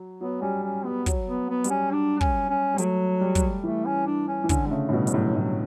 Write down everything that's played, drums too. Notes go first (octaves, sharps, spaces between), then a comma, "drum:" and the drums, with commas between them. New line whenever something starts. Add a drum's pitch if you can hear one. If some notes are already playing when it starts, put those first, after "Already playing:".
Already playing: F#3
F#3 B3
G3 C#4
C#4
G3 B3
F#3, drum: kick, hi-hat
B3
B3
G3, drum: hi-hat
C#4
D4
C#4, drum: kick
C#4
G3
F#3 A3, drum: hi-hat
G3
drum: kick, hi-hat
E3 A3
C#4
D4
C#4
E3
D3 C#4, drum: kick, hi-hat
G3
C#3 A3
A2
B2 G3
G2, drum: hi-hat
A2 F#3
A2 F#3